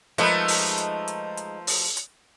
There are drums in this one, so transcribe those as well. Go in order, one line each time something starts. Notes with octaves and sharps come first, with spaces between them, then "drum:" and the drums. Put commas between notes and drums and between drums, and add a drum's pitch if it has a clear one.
F3 G#3 A3 D#4 A#4 B4, drum: hi-hat
drum: open hi-hat
drum: hi-hat
drum: hi-hat
drum: hi-hat
drum: open hi-hat
drum: hi-hat